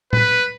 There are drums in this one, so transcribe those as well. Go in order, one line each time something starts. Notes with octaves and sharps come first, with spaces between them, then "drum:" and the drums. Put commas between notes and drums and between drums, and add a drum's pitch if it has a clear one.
B4, drum: tom A2